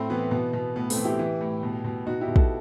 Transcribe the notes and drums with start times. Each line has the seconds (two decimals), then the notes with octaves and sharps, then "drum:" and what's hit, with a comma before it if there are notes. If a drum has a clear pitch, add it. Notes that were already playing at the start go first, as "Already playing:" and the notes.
Already playing: A2 A3 C4
0.10 E3 B3
0.31 B2
0.53 B2
0.76 A2 B3
0.90 A3 C4, drum: open hi-hat
0.97 E3
1.05 E4 G4
1.19 E3
1.41 A2
1.63 B2
1.84 B2
2.06 B2 D#4 F#4
2.21 E4 G4
2.28 B2
2.36 F#4 A4, drum: kick